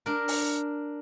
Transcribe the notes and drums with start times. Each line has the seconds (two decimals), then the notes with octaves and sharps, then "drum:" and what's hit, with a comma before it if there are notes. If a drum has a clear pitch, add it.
0.06 D4 A#4
0.28 drum: open hi-hat